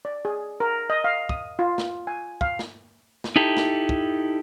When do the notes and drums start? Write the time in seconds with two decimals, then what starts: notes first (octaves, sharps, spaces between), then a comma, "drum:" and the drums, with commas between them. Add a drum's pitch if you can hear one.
0.05 D5
0.25 G#4
0.60 A#4
0.90 D#5
1.04 F5
1.29 D#6, drum: kick
1.59 F4
1.78 drum: snare
2.07 G#5
2.41 F5, drum: kick
2.59 drum: snare
3.24 drum: snare
3.36 D#4 E4 G4 A4
3.57 drum: snare
3.89 drum: kick